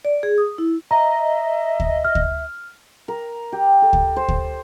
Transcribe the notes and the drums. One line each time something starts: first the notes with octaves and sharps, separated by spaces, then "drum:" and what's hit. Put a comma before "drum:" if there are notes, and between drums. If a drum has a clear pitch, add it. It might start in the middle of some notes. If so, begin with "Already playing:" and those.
D5
G#4
D#6
E4
D#5 E5 A#5
drum: kick D2
F6
drum: kick D2
A#4
G4
A4
drum: kick D2
C5
drum: kick D2